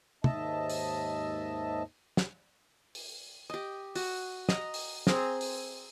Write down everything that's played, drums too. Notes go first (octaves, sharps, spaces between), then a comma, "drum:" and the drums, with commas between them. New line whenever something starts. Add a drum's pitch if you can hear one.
D#2 G#2 D#5 E5 A5, drum: tom
drum: open hi-hat
drum: snare
drum: open hi-hat
G4 D#5
F#4, drum: open hi-hat
D#5 A#5, drum: snare
drum: open hi-hat
C4 G#4 A#5, drum: snare
drum: open hi-hat